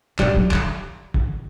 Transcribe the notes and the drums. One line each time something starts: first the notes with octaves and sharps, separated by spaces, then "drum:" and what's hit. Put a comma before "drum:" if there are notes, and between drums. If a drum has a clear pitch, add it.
B2 G3, drum: clap
F#3
D3, drum: clap
drum: kick